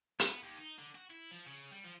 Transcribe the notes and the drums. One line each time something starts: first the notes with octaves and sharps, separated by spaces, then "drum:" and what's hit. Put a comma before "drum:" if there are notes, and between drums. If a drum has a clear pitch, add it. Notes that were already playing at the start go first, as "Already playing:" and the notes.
B3, drum: hi-hat
D#2
D#4
D3
F#4
E4
F3
C#3
G3
F3